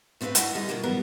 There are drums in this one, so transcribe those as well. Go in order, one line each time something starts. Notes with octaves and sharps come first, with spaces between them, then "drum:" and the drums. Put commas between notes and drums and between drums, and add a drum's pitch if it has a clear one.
A3 C4 D4 F#4 B4 F5
E4 F#4 D#5 F#5, drum: hi-hat
D3 G3 G#4 D#5
B2 F#3 A#3 D4 F4
E3 F#3 G3 B3 A#4